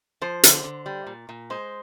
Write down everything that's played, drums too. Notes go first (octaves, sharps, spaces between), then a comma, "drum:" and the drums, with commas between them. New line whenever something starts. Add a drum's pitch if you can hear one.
F3 C5
D3, drum: hi-hat
D3
G3
A#2
A#2
G#3 C5